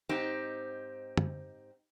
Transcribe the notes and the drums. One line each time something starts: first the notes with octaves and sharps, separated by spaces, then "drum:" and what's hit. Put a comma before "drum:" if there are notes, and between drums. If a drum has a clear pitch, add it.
G#2 C4 D#4 G4
drum: tom